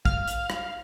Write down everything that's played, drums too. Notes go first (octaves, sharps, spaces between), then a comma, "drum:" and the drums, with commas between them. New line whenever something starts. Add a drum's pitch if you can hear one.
F5 F6, drum: kick
drum: hi-hat
drum: rim click